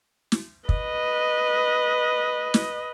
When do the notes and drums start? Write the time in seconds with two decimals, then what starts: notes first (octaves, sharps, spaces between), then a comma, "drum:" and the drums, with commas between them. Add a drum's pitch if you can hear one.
0.32 drum: snare
0.69 B4 D#5, drum: kick
2.54 drum: snare